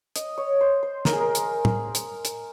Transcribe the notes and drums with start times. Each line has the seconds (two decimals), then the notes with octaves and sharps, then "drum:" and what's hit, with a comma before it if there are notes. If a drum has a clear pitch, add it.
0.16 D#5, drum: hi-hat
0.37 C#5
0.61 C5
0.83 C5
1.05 A#4, drum: snare
1.13 G#4
1.20 A#4
1.35 drum: hi-hat
1.65 drum: tom
1.95 drum: hi-hat
2.25 drum: hi-hat